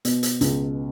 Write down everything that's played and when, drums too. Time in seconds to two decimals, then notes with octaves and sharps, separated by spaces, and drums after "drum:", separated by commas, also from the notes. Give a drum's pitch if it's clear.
0.05 B2, drum: hi-hat
0.23 drum: hi-hat
0.41 C#2, drum: hi-hat